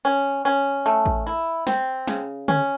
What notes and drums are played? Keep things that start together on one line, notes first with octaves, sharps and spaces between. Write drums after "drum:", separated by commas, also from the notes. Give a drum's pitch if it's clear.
C#4
C#4
A3
drum: kick A1
E4
C4, drum: snare
C#3, drum: snare
C#4, drum: tom C#3